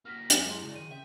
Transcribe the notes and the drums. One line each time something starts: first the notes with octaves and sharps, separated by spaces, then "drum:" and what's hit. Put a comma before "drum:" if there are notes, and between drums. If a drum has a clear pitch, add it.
A#3 F#4 F6 A#6 B6
F#2 G#5, drum: hi-hat
G#3 E4 C6
C#3 F#4 D5
D#3 D#7
E5 G5